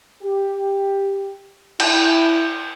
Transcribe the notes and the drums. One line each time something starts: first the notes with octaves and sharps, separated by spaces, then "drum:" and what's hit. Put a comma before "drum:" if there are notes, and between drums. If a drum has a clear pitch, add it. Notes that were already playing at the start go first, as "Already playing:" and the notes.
G4
E4, drum: cymbal